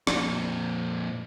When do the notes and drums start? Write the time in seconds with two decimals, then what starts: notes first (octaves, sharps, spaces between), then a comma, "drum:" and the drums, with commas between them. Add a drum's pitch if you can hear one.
0.07 F2 A#2, drum: rim click